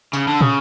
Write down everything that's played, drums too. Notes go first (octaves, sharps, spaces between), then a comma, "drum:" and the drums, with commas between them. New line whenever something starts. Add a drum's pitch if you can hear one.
C#3, drum: tambourine
D3
C#3, drum: tom